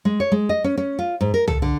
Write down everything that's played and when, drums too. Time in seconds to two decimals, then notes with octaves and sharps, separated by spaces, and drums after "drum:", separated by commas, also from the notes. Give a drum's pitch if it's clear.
0.05 G#3
0.20 C#5
0.32 G#3
0.49 D#5
0.64 C#4
0.77 C#4
0.99 F4
1.21 G#2
1.34 A#4
1.48 A4, drum: tom
1.62 D3